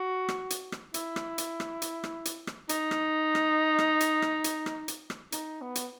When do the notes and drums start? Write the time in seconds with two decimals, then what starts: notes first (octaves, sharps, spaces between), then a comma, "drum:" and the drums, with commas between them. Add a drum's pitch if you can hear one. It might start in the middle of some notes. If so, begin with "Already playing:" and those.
Already playing: F#4
0.29 drum: rim click
0.50 drum: hi-hat
0.72 drum: rim click
0.94 E4, drum: hi-hat
1.16 drum: rim click
1.38 drum: hi-hat
1.60 drum: rim click
1.82 drum: hi-hat
2.04 drum: rim click
2.25 drum: hi-hat
2.47 drum: rim click
2.69 D#4, drum: hi-hat
2.91 drum: rim click
3.35 drum: rim click
3.79 drum: rim click
4.00 drum: hi-hat
4.22 drum: rim click
4.44 drum: hi-hat
4.66 drum: rim click
4.88 drum: hi-hat
5.10 drum: rim click
5.32 D#4, drum: hi-hat
5.61 B3
5.75 drum: hi-hat